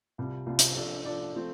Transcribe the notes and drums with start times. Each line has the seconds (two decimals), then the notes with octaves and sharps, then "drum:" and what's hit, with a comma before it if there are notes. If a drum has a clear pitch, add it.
0.18 C2 C3 G3 F4
0.46 C2 C3 G3 F4
0.59 drum: hi-hat
0.76 F3 D4 A4 D5
1.05 F3 D4 A4 D5
1.34 F3 A3 C4